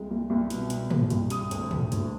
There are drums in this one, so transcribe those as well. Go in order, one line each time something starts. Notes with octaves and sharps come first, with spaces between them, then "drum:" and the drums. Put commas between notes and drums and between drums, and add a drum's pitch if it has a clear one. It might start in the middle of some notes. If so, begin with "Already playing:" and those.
Already playing: C2 G#3
C2
C2
B2, drum: hi-hat
B2, drum: hi-hat
C2, drum: tom
C2, drum: hi-hat
C3 D#6, drum: hi-hat
D2, drum: hi-hat
D2, drum: tom
D2, drum: hi-hat